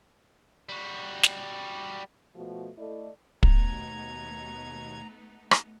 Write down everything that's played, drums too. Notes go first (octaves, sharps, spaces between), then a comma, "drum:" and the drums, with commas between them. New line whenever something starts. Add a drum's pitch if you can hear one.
G3 F#4
drum: snare
B2 F3 A3 F#4
A3 E4 A4 D5 D#5
D#2 B2 A3 B3 D#4 A#5 G#6, drum: kick
drum: rim click